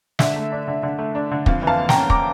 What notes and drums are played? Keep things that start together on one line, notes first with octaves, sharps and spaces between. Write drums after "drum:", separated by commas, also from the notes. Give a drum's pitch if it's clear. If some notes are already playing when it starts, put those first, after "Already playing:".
D3 E5, drum: snare
A3
D4
D3
D3
A3
D4
D3
F2 F5, drum: kick
E3
F5 A5
A#3
G5 A#5, drum: snare
C#4
A#5 D6, drum: kick